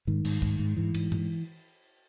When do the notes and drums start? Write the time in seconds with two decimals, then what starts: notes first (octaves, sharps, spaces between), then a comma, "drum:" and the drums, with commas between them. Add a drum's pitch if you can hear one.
0.07 G#2 D#3
0.25 G#2, drum: cymbal
0.42 G#2, drum: kick
0.59 G#2
0.77 G#2 E3
0.94 G#2, drum: cymbal
1.12 G#2, drum: tom G#2